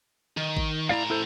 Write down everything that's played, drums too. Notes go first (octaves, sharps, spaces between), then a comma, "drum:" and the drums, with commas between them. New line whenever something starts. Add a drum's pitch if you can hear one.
D#3
drum: kick G#1
A2 E4 D5 F5 A#5
E4 A4 C5